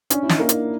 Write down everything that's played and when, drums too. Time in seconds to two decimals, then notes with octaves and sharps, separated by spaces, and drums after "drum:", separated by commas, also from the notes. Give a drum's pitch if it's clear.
0.10 C#4 D4, drum: hi-hat
0.23 E4
0.29 D#4, drum: snare
0.39 A#3
0.49 D4, drum: hi-hat